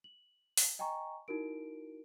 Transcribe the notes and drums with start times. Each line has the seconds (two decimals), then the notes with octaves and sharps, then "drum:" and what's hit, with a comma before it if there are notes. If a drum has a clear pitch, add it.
0.04 F#7
0.57 drum: open hi-hat
0.79 D#5 G5 G#5 A#5 C#6
1.28 D#4 E4 F#4 A#4 D7